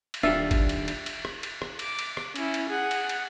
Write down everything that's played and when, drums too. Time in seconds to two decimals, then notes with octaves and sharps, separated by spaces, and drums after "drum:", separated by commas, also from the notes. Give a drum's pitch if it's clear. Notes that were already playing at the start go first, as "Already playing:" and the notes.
0.14 drum: cymbal
0.23 D#1 D4 F4 G4 A4 E5
0.51 drum: kick G1, cymbal
0.69 drum: cymbal
0.88 drum: cymbal
1.06 drum: cymbal
1.25 drum: rim click
1.43 drum: cymbal
1.62 drum: rim click
1.79 D6, drum: cymbal
1.99 drum: cymbal
2.17 drum: rim click
2.36 C#4 E4, drum: cymbal
2.54 drum: cymbal
2.69 G#4 F#5
2.91 drum: cymbal
3.09 drum: cymbal